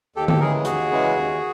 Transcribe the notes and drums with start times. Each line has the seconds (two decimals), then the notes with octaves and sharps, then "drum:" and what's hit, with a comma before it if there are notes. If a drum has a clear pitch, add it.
0.16 D#2 G4 A4
0.28 G4 A4, drum: tom D3
0.40 C#3 E3 G#3 G#4 A#4
0.65 D#2 F#4 G#4, drum: hi-hat
0.91 C#3 E3 G#3
1.15 D#2